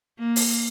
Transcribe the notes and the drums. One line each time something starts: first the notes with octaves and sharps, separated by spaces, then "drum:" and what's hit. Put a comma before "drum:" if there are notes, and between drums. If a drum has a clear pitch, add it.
A#3
drum: open hi-hat